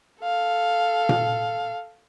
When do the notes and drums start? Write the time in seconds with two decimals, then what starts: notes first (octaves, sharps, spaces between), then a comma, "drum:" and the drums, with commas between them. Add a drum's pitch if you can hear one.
0.23 A4 F5
1.09 drum: tom A#2